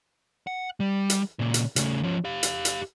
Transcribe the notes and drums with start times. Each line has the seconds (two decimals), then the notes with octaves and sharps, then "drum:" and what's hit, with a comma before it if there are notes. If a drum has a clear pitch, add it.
0.47 F#5
0.80 G3
1.10 drum: hi-hat
1.39 A#2 C#3
1.54 drum: hi-hat
1.76 C#3 A3, drum: hi-hat
2.03 F3 C#4
2.25 G4 F5
2.43 drum: hi-hat
2.65 drum: hi-hat